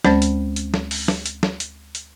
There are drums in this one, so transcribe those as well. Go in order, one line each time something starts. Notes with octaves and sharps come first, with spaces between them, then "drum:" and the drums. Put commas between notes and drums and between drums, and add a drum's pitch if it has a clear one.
D2 G#3 C#4 C5 A5 A6, drum: snare
drum: hi-hat
drum: hi-hat
drum: snare
drum: open hi-hat
drum: snare
drum: hi-hat
drum: snare
drum: hi-hat
drum: hi-hat